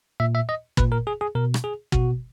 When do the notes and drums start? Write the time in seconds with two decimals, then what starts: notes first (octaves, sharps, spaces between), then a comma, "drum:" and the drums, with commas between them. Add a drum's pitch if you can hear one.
0.20 A#2 E5
0.35 E5
0.49 D#5
0.77 A#2 B4, drum: kick
0.92 A#4
1.07 G#4
1.21 G#4
1.35 B2 A#4
1.54 drum: rim click
1.64 G#4
1.92 B2 F#4, drum: kick